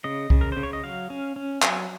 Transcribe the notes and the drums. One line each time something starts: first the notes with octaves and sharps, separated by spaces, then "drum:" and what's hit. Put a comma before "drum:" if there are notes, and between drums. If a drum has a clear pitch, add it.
C#3 D#5
C#3, drum: kick
A#4
C#3 C5
C#5
D#5
F#3 F5
C#4
C#4
F#3 G#5, drum: clap